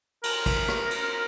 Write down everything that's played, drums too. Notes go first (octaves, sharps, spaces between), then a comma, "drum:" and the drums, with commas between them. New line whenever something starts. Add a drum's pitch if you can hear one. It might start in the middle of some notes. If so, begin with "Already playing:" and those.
A#4, drum: cymbal
drum: kick, cymbal
drum: rim click
drum: cymbal